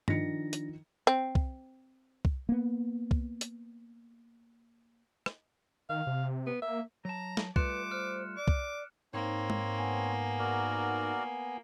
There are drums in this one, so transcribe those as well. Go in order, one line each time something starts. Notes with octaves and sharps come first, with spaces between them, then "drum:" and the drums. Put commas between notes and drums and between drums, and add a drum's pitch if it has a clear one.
D#3 F3 D4 A#6 C#7, drum: tom G2
drum: hi-hat
C4
drum: kick C2
drum: kick C2
A#3 B3
drum: kick C2
drum: hi-hat
drum: rim click
D#3 F5
C3
B3
A#3 E5
F#3 A5 A#5
drum: snare
G3 A3 F4 B4 D6 F#6 C#7 E7, drum: kick C2
C5 F6 F#6
D5 D6
drum: kick C2
G#2 A#3 C4 C#5
drum: tom G#3
B3 G#5
F#4 A#4 D5